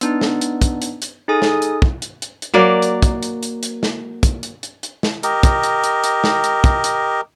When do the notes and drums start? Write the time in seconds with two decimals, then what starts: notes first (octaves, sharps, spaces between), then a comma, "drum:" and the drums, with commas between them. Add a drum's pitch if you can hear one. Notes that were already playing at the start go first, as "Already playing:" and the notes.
0.01 B3 D4 D#4, drum: hi-hat
0.21 drum: snare
0.41 drum: hi-hat
0.62 drum: kick, hi-hat
0.82 drum: hi-hat
1.02 drum: hi-hat
1.28 D#4 G#4 A4 G#5 D#6
1.42 drum: snare
1.62 drum: hi-hat
1.82 drum: kick
2.02 drum: hi-hat
2.22 drum: hi-hat
2.42 drum: hi-hat
2.54 F#3 A#3 D5
2.82 drum: hi-hat
3.02 drum: kick, hi-hat
3.23 drum: hi-hat
3.43 drum: hi-hat
3.63 drum: hi-hat
3.83 drum: snare
4.23 drum: kick, hi-hat
4.43 drum: hi-hat
4.63 drum: hi-hat
4.83 drum: hi-hat
5.03 drum: snare
5.23 G4 A#4 D#5, drum: hi-hat
5.43 drum: kick, hi-hat
5.63 drum: hi-hat
5.84 drum: hi-hat
6.04 drum: hi-hat
6.24 drum: snare
6.44 drum: hi-hat
6.64 drum: kick, hi-hat
6.84 drum: hi-hat